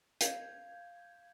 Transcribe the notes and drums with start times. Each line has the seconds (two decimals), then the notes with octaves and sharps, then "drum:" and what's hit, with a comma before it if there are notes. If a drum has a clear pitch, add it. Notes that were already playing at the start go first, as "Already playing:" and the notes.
0.21 F5 G6 G#6, drum: hi-hat